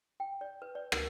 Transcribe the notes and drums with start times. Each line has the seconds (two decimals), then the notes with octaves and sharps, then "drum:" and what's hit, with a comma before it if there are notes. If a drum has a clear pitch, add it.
0.20 G5
0.41 D5
0.62 B4
0.75 D5
0.92 A#4, drum: rim click